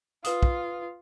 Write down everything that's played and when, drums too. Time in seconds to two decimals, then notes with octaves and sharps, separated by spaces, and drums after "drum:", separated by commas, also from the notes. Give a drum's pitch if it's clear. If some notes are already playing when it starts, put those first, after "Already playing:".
0.24 F4 B4 D#6, drum: hi-hat
0.43 drum: kick